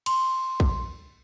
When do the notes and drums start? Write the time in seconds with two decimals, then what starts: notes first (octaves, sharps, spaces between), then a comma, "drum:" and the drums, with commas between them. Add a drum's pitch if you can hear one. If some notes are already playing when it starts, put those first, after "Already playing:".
0.06 C6, drum: cymbal
0.60 drum: kick